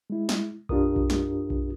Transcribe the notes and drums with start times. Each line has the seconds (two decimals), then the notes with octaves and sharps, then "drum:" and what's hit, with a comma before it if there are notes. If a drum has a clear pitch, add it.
0.10 G#3 E4
0.29 drum: snare
0.69 F#2 D4 F4 G4 A#4 D#6, drum: kick B1
0.96 drum: kick B1
1.10 drum: snare
1.50 drum: kick B1